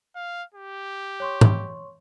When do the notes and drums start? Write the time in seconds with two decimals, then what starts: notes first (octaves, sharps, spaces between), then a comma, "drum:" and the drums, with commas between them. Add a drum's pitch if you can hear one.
0.16 F5
0.54 G4
1.20 C#5 C6 C#6
1.41 drum: tom G#2